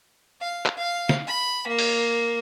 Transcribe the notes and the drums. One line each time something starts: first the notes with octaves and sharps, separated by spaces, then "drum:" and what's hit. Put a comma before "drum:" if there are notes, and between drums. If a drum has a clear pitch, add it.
F5
drum: clap
F5
drum: snare
B5
A#3
drum: open hi-hat